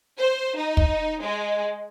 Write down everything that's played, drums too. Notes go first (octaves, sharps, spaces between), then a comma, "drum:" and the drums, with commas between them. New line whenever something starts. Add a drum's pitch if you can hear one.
C5
D#4
drum: kick
G#3